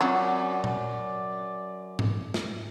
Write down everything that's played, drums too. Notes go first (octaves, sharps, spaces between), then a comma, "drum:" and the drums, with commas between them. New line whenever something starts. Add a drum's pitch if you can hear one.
F#2 F#3 C4 F4 D5
drum: tom A#2
drum: tom G#2
drum: snare